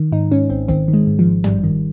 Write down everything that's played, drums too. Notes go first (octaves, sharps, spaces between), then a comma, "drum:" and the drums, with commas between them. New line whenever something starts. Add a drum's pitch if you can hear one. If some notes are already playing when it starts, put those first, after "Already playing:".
Already playing: D#3
G#2 D#4
G#2 C#4
G#1 C4
D#3 C4, drum: kick
D#3
G#3
G#2
F3
G#1
G#1 G3, drum: tom
D#3